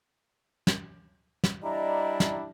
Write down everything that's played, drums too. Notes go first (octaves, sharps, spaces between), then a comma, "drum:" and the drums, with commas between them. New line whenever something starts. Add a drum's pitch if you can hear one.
drum: snare
drum: snare
G3 D4 E4 D5 D#5 A#5
drum: snare